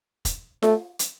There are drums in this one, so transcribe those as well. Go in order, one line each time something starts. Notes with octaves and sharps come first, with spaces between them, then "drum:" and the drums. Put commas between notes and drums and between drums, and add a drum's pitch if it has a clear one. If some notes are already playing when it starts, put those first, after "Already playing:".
drum: kick, hi-hat
A3, drum: snare F4
drum: hi-hat